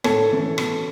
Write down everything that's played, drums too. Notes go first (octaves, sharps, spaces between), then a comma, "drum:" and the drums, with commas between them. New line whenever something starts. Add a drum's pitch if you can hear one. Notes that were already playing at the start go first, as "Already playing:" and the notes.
A2 A4 C#5, drum: rim click
E3 A3 C#4
B2, drum: rim click